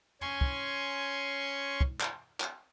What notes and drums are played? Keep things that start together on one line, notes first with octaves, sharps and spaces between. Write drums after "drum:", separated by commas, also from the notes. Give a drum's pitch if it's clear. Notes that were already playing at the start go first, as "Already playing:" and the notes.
C#4 G#5 C6 C#6, drum: tom
drum: kick
drum: kick
drum: clap
drum: clap